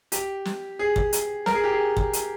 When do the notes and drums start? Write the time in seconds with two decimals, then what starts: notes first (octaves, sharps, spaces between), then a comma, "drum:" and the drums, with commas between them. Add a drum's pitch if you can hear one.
0.12 G4, drum: hi-hat
0.45 drum: snare
0.79 G#4
0.96 drum: kick
1.13 drum: hi-hat
1.46 A#4, drum: snare
1.54 G#4
1.64 G4
1.73 G#4
1.97 drum: kick
2.13 drum: hi-hat